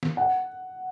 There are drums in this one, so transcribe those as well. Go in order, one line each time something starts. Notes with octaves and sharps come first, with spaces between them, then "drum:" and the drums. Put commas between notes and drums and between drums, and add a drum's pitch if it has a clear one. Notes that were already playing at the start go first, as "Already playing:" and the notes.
drum: snare
F#5